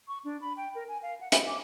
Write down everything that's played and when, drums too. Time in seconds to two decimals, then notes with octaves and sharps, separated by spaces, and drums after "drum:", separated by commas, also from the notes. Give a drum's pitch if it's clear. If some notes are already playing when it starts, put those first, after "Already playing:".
0.08 C#6
0.25 D4
0.41 B5
0.57 G5
0.75 A#4
0.88 G#5
1.03 F5
1.21 F#5
1.32 B5, drum: hi-hat
1.47 D6